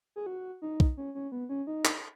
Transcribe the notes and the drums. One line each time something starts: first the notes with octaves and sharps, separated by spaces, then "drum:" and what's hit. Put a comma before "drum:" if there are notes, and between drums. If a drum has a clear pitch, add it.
G#4
F#4
D#4
drum: kick
C#4
C#4
B3
C#4
D#4
drum: clap